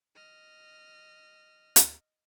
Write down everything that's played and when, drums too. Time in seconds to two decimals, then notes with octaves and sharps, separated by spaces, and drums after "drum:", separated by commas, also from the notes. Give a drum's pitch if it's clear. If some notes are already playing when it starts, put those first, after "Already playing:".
0.15 D#5 F6
1.76 drum: hi-hat